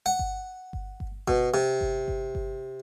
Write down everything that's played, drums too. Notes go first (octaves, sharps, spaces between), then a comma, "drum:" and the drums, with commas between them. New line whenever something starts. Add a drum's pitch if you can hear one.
F#5
drum: kick G1
drum: kick G1
drum: kick G1
B2, drum: kick G1
C3
drum: kick G1
drum: kick G1
drum: kick G1